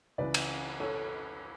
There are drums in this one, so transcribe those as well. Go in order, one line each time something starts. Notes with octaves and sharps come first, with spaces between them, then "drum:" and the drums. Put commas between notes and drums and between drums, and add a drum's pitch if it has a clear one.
C#2 C#3 E3 B4 D5
drum: cymbal
A4 C#5